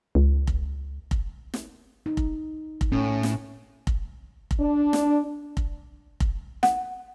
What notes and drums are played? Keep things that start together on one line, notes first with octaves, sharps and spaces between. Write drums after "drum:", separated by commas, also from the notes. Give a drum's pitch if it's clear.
C#2
drum: kick F1
drum: kick F1
drum: snare
D#4
drum: kick F1
drum: kick F1
A2 C#4
drum: snare
drum: kick F1
drum: kick F1
D4
drum: snare
drum: kick F1
drum: kick F1
F#5, drum: snare